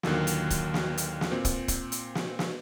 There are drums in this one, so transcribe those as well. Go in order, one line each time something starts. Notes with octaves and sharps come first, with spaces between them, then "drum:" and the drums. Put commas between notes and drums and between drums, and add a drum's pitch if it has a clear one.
D#2 A#2 D3 D#3 F#3, drum: snare
drum: hi-hat
drum: kick, hi-hat
drum: snare
drum: hi-hat
drum: snare
A#2 C4
drum: kick, hi-hat
drum: kick, hi-hat
drum: hi-hat
drum: snare
drum: snare